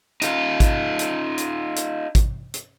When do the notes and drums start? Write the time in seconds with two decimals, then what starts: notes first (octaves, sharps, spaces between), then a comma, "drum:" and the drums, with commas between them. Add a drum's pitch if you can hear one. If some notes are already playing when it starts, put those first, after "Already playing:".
0.22 D#4 F4, drum: hi-hat
0.60 drum: kick, hi-hat
0.99 drum: hi-hat
1.38 drum: hi-hat
1.76 drum: hi-hat
2.15 drum: kick, hi-hat
2.54 drum: hi-hat